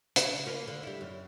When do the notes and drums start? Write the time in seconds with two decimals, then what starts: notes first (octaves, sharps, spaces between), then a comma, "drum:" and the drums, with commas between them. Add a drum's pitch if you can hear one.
0.16 C#3, drum: hi-hat
0.46 A#3 F4 B4
0.67 D3
0.83 G3 E4
1.01 F#2